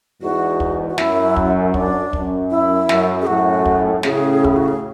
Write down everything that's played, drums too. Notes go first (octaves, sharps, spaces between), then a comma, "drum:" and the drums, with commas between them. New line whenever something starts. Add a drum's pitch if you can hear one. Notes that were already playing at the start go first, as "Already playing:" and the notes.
E2 G#2 F#4
drum: kick
F#4
F#2 E4, drum: snare
drum: kick
D4, drum: kick
F#2, drum: kick
E4
F#2, drum: snare
G#4
F#2 A2 F#4
drum: kick
A2 C#3 G#4, drum: snare
E4, drum: kick
F#4
G#4